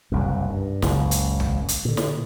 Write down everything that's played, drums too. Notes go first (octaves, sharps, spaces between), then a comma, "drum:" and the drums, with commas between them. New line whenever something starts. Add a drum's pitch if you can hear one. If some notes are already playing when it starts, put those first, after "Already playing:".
F#1 C2 F#2
G2
F#1 C#2, drum: snare
drum: hi-hat
drum: tom A#1
drum: hi-hat
A#2 D3
drum: snare